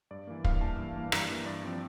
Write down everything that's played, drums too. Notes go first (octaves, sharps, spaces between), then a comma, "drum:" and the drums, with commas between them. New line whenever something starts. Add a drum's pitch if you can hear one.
G2 D5
E3 A#3
G2 F5, drum: kick
E3 A#3 A5
G2
E3 A#3
G2 A#5, drum: rim click
E3 A#3
G2 D5
F3 C4